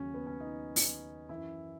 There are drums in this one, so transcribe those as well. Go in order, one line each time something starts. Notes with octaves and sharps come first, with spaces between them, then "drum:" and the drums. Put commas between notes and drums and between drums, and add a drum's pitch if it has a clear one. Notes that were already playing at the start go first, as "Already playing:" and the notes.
Already playing: D#2 C#3 F#3 C#4
B3
C#4
D#4
drum: open hi-hat
F#2 E3 E4